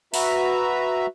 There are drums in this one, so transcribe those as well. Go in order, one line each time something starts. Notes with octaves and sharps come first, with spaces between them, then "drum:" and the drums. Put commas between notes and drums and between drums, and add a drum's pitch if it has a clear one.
F#4 B4 E5 A#5, drum: open hi-hat